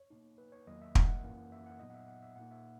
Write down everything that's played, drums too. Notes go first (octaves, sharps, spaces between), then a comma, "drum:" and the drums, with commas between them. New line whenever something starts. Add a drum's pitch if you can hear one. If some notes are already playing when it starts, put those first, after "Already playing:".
Already playing: C#5
B2 A#3 D#4
B4
C#5
E2 D#3 F#3 A#3 D#5
E5
F#5, drum: kick
F#2 E3 A#3 C#4
E5
F#5
A#2 F#3 B3 D#4 D#5
F#5
E5
F#5
E5
A#2 A#3 D#4 F#5
E5